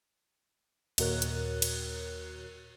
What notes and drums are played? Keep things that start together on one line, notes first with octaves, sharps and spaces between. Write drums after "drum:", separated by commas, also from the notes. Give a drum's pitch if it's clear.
D#2 A#2 F#4 A#4 C#5 F#6, drum: cymbal
drum: hi-hat
drum: cymbal